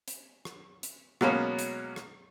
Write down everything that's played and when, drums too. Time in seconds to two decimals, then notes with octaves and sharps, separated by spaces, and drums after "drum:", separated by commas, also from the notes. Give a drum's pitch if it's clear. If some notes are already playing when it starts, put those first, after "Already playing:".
0.08 drum: hi-hat
0.45 drum: rim click
0.83 drum: hi-hat
1.21 B2 F#3 G#3 A#3 B3 C#4, drum: rim click
1.59 drum: hi-hat
1.96 drum: rim click